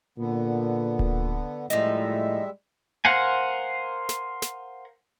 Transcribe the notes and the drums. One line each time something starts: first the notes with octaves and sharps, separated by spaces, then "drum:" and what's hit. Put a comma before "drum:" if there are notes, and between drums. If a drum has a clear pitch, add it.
A#2 D3 B3
drum: kick D1
A2 F3 G3 G#3 D#4 E5, drum: hi-hat
A#4 C5 F5 F#5 G#5
drum: snare
drum: snare